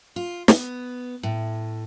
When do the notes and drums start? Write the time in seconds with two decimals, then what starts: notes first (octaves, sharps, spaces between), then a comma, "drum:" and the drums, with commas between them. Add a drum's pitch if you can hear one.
0.16 F4
0.48 B3, drum: snare
1.23 A2